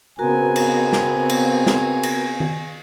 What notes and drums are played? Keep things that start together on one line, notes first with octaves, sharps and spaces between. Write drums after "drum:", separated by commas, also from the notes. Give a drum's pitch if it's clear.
C#3 B3 C4 F#4 A#4 G#5 A#5
drum: cymbal
drum: snare
drum: cymbal
drum: snare
drum: cymbal
drum: tom D#3